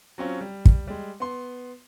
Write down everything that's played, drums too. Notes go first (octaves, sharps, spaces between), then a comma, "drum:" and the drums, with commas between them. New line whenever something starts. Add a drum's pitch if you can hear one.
F#3 C4 C#4 F4
G3
drum: kick
G3 G#3
B3 C6